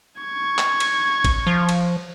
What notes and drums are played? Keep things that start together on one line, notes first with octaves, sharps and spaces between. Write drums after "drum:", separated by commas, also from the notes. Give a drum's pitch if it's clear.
C#6 G#6
drum: clap
drum: cymbal
drum: kick, cymbal
F3
drum: cymbal